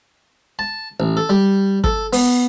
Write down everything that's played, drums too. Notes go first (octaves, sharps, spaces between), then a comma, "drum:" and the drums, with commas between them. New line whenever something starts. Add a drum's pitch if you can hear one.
A5
A1
A4
G3
A4, drum: kick
B3, drum: open hi-hat